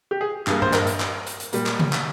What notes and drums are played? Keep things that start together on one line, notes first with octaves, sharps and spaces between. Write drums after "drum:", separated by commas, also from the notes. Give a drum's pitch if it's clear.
G4
G#4
G2 G3 A#3 G#4, drum: clap
C5, drum: tom G2
A#4, drum: clap
drum: hi-hat
drum: clap
drum: hi-hat
drum: hi-hat
A#2 G3 A#3, drum: hi-hat
drum: clap
drum: tom C#3
drum: clap